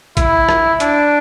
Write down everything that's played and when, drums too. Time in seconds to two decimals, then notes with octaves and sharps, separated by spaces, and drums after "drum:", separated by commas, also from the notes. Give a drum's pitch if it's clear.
0.17 E4, drum: kick, hi-hat
0.49 drum: rim click
0.80 D4, drum: hi-hat